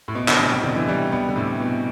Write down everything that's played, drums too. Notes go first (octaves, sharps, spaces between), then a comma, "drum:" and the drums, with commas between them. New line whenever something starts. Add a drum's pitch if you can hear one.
A2
B2
D3, drum: clap
A2 C3
C3
B2 D3
C3 E3
E3 G3
G3 B3
D3
A2 C3
B2